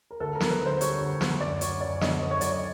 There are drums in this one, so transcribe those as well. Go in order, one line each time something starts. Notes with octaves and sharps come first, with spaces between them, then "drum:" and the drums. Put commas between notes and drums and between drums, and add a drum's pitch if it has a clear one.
A#4
D2 A4
A#4
D2, drum: snare
B4
D3
C5
G3 C#5, drum: hi-hat
D2
D2, drum: snare
F#1 D5
F#3 C#5, drum: hi-hat
F#2 D5
D3 D#5, drum: snare
F#1
C#5
F#3 D5, drum: hi-hat
D#5